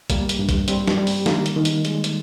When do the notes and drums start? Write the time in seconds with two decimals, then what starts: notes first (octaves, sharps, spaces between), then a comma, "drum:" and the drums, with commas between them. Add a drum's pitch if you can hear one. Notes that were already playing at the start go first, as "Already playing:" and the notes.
0.10 G3 A#3, drum: kick, hi-hat
0.29 drum: hi-hat
0.39 G2
0.49 drum: kick, hi-hat
0.68 G3 C4, drum: hi-hat
0.88 drum: snare
0.97 G3
1.07 drum: open hi-hat
1.26 D#3 A#3, drum: snare
1.46 drum: hi-hat
1.56 D#3
1.65 drum: hi-hat
1.85 G#3, drum: hi-hat
2.04 drum: hi-hat